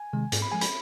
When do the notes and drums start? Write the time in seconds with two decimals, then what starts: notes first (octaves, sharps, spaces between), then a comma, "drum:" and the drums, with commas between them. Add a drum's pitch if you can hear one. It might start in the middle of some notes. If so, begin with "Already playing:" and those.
Already playing: G#5
0.13 C3 D#3 G#3
0.32 G#2, drum: hi-hat
0.42 B5
0.52 F3 G#3 G#5
0.61 B5, drum: hi-hat